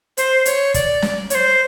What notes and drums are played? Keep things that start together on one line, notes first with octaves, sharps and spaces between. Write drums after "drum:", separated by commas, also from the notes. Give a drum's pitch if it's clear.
C5, drum: hi-hat
C#5, drum: hi-hat
D5, drum: kick, hi-hat
drum: snare
C#5, drum: hi-hat
C5